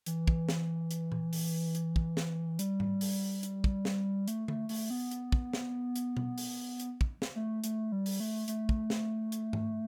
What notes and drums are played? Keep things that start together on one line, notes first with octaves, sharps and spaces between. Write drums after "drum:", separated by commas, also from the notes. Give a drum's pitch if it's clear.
E3, drum: hi-hat
drum: kick
drum: snare
drum: hi-hat
drum: tom A#2
drum: open hi-hat
drum: hi-hat
drum: kick
drum: snare
G3, drum: hi-hat
drum: tom G#2
drum: open hi-hat
drum: hi-hat
drum: kick
drum: snare
A3, drum: hi-hat
A3, drum: tom D3
A3, drum: open hi-hat
B3
drum: hi-hat
drum: kick
drum: snare
drum: hi-hat
drum: tom B2
drum: open hi-hat
drum: hi-hat
drum: kick
drum: snare
A3
A3, drum: hi-hat
G3
drum: open hi-hat
A3
A3, drum: hi-hat
drum: kick
drum: snare
drum: hi-hat
drum: tom G#2